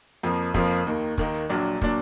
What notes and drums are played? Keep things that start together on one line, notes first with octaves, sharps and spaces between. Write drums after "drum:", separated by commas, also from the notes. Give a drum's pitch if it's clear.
F2 F3 A#3, drum: hi-hat
F2 F3 A#3, drum: kick, hi-hat
drum: hi-hat
D#2 D#3 A#3
D#2 D#3 A#3, drum: kick, hi-hat
drum: hi-hat
A#1 A#2 F#3 D4, drum: hi-hat
A#2 F#3 D4, drum: kick, hi-hat